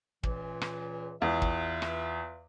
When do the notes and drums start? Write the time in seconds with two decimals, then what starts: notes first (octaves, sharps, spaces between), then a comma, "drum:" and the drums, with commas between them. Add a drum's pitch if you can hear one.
0.23 C#2 A#2 E3, drum: kick
0.62 drum: rim click
1.22 E2 F4 B4 E5
1.42 drum: kick
1.82 drum: rim click